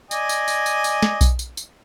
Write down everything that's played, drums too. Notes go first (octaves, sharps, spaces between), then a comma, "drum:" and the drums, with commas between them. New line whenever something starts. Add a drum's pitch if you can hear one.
D5 D#5 G#5, drum: tambourine
drum: tambourine
drum: tambourine
drum: tambourine
drum: tambourine
drum: snare
drum: kick B1, tambourine
drum: tambourine
drum: tambourine